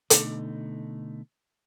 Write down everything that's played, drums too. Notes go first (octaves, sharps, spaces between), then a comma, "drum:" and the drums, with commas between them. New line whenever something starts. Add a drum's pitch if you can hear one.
B2 D3 A3 D#4, drum: hi-hat